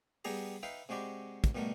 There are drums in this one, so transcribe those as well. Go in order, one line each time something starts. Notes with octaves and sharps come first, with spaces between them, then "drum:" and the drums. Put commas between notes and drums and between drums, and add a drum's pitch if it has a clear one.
G3 B3 G4 G#4 A#5, drum: open hi-hat
D#4 B4 E5 F5 G5
C3 G#3 F#4 G4 D5 B5
drum: kick, hi-hat
B2 D3 G3 A3 A#4